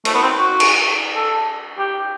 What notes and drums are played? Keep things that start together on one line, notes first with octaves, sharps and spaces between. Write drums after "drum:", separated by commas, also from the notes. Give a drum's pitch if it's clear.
A3, drum: cymbal
B3
C4
F#4
drum: cymbal
A4
G4